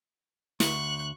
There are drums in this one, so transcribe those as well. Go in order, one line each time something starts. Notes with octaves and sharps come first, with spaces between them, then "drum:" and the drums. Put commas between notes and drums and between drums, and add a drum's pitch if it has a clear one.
D2 C#6 F#6, drum: snare